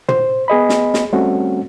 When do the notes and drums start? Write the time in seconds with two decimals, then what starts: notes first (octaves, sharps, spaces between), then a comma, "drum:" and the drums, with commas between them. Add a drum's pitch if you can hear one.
0.09 C5, drum: tom
0.48 B3 G#4 D#5 B5
0.69 drum: snare
0.94 drum: snare
1.13 G3 A3 C4 C#4 F#4